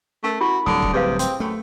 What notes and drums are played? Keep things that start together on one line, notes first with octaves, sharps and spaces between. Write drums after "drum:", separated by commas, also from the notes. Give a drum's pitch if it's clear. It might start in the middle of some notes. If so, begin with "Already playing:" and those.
A3 C#4 A#4
E4 F#4 G4 B5 C#6
D1 D3 F#3 G3 D#6
drum: kick
C3 G#4 B4 F5
C4, drum: hi-hat
F#2 A3